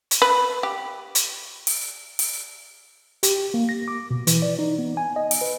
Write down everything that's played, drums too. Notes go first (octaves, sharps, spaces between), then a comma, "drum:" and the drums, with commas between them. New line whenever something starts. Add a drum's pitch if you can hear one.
drum: hi-hat
B4
G4
drum: hi-hat
drum: open hi-hat
drum: open hi-hat
G4, drum: hi-hat
A#3
A#6
D6
B2
E3, drum: hi-hat
D5
D#4
B3
G#5
D#5
drum: open hi-hat
B4